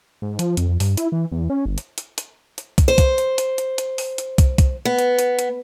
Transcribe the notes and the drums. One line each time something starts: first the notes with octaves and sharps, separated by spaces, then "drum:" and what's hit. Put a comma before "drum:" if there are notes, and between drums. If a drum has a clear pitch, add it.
G#2
F3, drum: hi-hat
F2, drum: hi-hat
F2
G2, drum: open hi-hat
E4, drum: hi-hat
E3
E2
C#4
G1
drum: hi-hat
drum: hi-hat
drum: hi-hat
drum: hi-hat
drum: kick, hi-hat
C5
drum: kick, hi-hat
drum: hi-hat
drum: hi-hat
drum: hi-hat
drum: hi-hat
drum: open hi-hat
drum: hi-hat
drum: kick, hi-hat
drum: kick, hi-hat
B3
drum: hi-hat
drum: hi-hat
drum: hi-hat